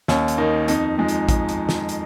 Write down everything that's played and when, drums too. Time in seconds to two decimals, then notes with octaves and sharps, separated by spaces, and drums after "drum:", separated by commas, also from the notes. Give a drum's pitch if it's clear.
0.08 D#2 C#4, drum: snare
0.28 drum: hi-hat
0.38 D#3 A#3 D#4
0.68 F2 D#4, drum: hi-hat
0.98 F3 G#3
1.08 drum: hi-hat
1.29 drum: kick A1, hi-hat
1.49 drum: hi-hat
1.69 drum: snare
1.89 drum: hi-hat